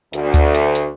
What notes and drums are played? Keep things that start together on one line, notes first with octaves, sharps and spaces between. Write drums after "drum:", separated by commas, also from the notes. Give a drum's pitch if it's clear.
D2, drum: hi-hat
drum: kick D2, hi-hat
drum: hi-hat
drum: hi-hat